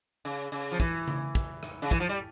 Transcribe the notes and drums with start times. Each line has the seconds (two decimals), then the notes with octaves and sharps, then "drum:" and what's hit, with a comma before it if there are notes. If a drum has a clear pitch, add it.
0.25 C#3, drum: hi-hat
0.52 C#3, drum: hi-hat
0.72 F3
0.80 E3, drum: kick, hi-hat
1.08 drum: tom C#3
1.35 drum: kick, hi-hat
1.63 drum: rim click
1.82 C#3
1.91 E3, drum: kick, hi-hat
2.00 F3
2.09 G3